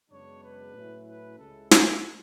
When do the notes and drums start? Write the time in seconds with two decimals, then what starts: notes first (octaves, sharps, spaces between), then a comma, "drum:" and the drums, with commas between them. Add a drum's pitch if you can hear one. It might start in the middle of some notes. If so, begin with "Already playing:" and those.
0.10 F#2 C#3 G#3 B3 D4 C#5
0.42 B4
0.74 A2 F#3 C#4 E4
1.06 B4
1.39 C#2 C#3 G#3 C#4 E4 A4
1.71 G#4, drum: snare